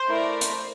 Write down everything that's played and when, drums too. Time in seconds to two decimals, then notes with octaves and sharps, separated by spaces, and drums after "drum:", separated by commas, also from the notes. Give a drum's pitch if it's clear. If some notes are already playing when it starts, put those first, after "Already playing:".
Already playing: C5
0.08 A3 E4 A#4 D5
0.41 drum: hi-hat